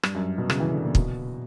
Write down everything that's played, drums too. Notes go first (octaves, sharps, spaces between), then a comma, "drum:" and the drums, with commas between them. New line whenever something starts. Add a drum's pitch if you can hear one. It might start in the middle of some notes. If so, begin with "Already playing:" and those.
G2, drum: rim click
F#2
B2
C#3, drum: rim click
E3
D3
A#2
B2, drum: kick